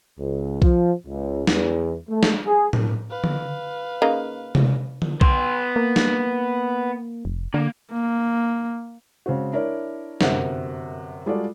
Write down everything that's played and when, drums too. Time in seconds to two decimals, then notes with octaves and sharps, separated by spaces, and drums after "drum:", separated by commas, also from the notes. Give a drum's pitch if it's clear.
0.20 C#2
0.62 F3, drum: kick B1
1.07 C#2
1.47 E2, drum: snare
2.10 A3
2.23 drum: snare
2.47 G#4
2.73 drum: tom A2
3.10 B4 F5
3.24 drum: tom D3
4.02 C#3 A#3 D#4
4.55 drum: tom C3
5.02 drum: tom D3
5.21 B3 C6, drum: kick B1
5.76 A#3
5.96 drum: snare
7.25 F1
7.54 D3 A#3
7.92 A#3
9.26 C#3 G#3 C4 F#4
9.53 D4 E4 A#4 C#5 D5
10.21 G1 F#2 C3 A#4 F#5 F#6, drum: snare
11.26 G3 G#3 F4 F#4 A4 D5